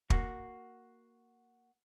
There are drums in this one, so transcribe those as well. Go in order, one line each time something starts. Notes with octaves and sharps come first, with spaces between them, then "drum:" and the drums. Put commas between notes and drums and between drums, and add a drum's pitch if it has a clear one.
A#3 F#4, drum: kick